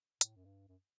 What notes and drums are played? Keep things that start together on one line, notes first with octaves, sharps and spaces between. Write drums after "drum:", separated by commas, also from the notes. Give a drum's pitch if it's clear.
A2, drum: hi-hat
F#2
G2
F#2